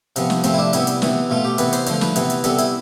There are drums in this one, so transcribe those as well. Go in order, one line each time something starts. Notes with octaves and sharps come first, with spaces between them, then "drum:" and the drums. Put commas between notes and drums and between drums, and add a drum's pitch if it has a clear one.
C3 F3 B3, drum: hi-hat
drum: snare
C3 F3 A3 C4, drum: hi-hat
E4
D4
C3 G3 B3 E4, drum: hi-hat
drum: hi-hat
C3 E3 B3, drum: snare
B2 A3 F4
G4
C3 E3 B3 B4, drum: hi-hat
C5, drum: hi-hat
D3 F3 A3 C5, drum: hi-hat
B4, drum: snare
C3 E3 B3, drum: hi-hat
drum: hi-hat
C3 G3 B3 A4, drum: hi-hat
E4, drum: hi-hat